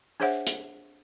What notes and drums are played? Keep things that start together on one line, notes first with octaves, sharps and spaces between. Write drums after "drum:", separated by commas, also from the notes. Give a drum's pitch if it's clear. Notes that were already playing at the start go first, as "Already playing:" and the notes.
D4 G#4 C5 C#5 E5 F#5
drum: hi-hat